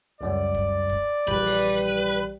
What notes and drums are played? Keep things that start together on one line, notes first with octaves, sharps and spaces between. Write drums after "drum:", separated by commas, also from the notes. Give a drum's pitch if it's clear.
C#2 F#2 G3 D5
drum: kick
drum: kick
A#1 E3 G3 B4 G6, drum: kick
drum: open hi-hat